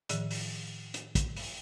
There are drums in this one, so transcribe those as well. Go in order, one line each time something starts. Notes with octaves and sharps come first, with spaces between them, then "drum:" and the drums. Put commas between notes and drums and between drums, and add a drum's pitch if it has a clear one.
A2 D#3 F3, drum: hi-hat
drum: open hi-hat
drum: hi-hat
drum: kick, hi-hat
drum: open hi-hat